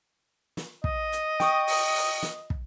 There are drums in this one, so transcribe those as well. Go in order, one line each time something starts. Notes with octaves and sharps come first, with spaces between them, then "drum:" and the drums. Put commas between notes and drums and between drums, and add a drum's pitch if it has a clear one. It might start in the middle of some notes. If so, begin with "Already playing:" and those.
drum: snare
D#5, drum: kick
drum: hi-hat
G5 C#6 D#6, drum: snare
drum: open hi-hat
drum: open hi-hat
drum: snare
drum: kick